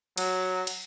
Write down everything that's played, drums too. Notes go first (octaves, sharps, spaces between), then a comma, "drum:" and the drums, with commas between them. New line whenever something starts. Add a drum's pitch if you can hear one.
F#3, drum: cymbal
drum: cymbal